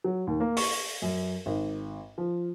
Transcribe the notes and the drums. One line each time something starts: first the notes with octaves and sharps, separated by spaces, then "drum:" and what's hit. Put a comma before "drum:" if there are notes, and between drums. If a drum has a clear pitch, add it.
F#3
D#2
A#3
C#6, drum: open hi-hat
F#2
G#1
F3